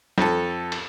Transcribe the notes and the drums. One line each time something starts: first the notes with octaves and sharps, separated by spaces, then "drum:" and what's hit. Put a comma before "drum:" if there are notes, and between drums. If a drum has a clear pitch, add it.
F2 A4, drum: snare
drum: cymbal